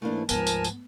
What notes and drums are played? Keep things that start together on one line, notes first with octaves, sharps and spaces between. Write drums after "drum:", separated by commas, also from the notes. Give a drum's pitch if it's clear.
G#2 E3 A3 A#3 D4 E4
D2 G#2 F3 B3 A#4 G#5 A5, drum: tambourine
drum: tambourine
drum: tambourine